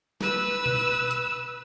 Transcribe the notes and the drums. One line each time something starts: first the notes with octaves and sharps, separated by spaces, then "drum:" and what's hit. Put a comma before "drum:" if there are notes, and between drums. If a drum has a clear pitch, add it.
B4 E6, drum: snare
drum: tom B2
drum: hi-hat